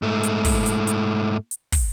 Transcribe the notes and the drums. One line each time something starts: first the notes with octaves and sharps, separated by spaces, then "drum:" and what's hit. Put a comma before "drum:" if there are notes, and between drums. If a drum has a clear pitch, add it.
G#2 A3
drum: hi-hat
drum: kick, open hi-hat
drum: hi-hat
drum: hi-hat
drum: hi-hat
drum: kick, open hi-hat